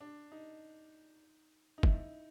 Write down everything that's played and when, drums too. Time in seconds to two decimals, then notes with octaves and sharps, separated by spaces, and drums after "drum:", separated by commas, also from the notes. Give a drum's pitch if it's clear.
0.01 D4
0.32 D#4
1.78 D#4
1.83 E4, drum: kick